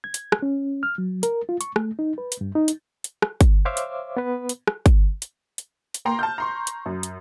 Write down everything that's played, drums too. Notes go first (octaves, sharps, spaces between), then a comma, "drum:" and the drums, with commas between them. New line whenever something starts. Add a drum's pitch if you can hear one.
G#6
drum: hi-hat
drum: rim click
C#4
F6
F#3
A#4, drum: hi-hat
F4
C#6, drum: hi-hat
A3, drum: rim click
D#4
B4
drum: hi-hat
G2
D#4
drum: hi-hat
drum: hi-hat
drum: rim click
drum: kick G1, hi-hat
C5 C#5 E5 F5 D6
drum: hi-hat
B3 B4
drum: hi-hat
drum: rim click
drum: kick G1, hi-hat
drum: hi-hat
drum: hi-hat
drum: hi-hat
A#3 G5 A#5 C6
A5 F6 G6
A#5 C6 C#6
drum: hi-hat
F#2
drum: hi-hat